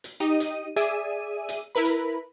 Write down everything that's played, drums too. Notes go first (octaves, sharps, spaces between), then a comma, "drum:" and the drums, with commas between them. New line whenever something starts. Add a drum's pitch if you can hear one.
drum: hi-hat
D#4 G4 D#5 D#7
drum: hi-hat
G#4 D5 E5 D#7, drum: hi-hat
drum: hi-hat
E4 A#4 B4 B5
drum: hi-hat